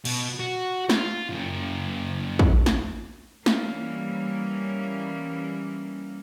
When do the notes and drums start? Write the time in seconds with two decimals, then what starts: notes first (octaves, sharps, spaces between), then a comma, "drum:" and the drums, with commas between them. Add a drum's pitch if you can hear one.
0.05 B2, drum: cymbal
0.40 F#4
0.89 F4, drum: snare
1.30 F#2 A#3
2.39 drum: kick
2.66 drum: snare
3.46 E3 G3 A#3 C#4, drum: snare